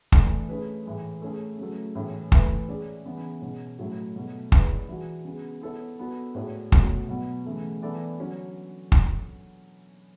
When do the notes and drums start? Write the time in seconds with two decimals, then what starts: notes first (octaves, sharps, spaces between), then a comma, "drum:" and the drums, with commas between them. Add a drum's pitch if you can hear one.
0.12 E3 A3 D4, drum: kick
0.49 A3 C#4 G#4 B4
0.85 A2 E3 G#3
1.22 A3 C#4 G#4
1.58 C#3 F#3 A3
1.95 A2 E3 G#3 C#4 E4
2.32 A2 E3 A3 E4 B4, drum: kick
2.69 G#3 C#4 G#4 D5
3.05 C#3 E3 B3
3.41 B2 G#3 C#4
3.79 A2 F#3 A3 C#4 E4
4.16 B2 F#3 A3
4.52 G#3 C#4 E4 B4 D5, drum: kick
4.89 E3 G#3 D4 F#4
5.25 C#3 G#3 B3
5.61 B3 E4 A4 C#5
5.99 B3 D4 F#4 A4
6.35 A2 G#3 D4 F#4 C#5
6.72 B2 A3 C#4 F#4, drum: kick
7.09 B2 F#3 B3
7.46 C#3 E3 A3
7.82 E3 B3 D4 A4 D5
8.19 D3 F#3 C#4
8.92 drum: kick